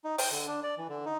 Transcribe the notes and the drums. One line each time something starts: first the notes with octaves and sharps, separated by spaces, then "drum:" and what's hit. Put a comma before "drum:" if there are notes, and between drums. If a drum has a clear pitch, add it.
D#4
G5, drum: open hi-hat
D3
D4
D5
E3
D3
D#4